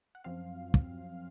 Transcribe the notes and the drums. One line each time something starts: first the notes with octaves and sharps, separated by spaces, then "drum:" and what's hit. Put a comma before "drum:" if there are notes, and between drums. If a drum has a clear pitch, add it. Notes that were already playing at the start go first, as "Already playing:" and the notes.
F#5
F#2 F3 C4 F5
drum: kick